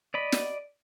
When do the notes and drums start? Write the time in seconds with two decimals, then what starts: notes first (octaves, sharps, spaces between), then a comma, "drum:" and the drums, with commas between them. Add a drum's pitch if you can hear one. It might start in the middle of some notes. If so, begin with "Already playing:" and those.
0.14 D5 D#5 B5
0.32 drum: snare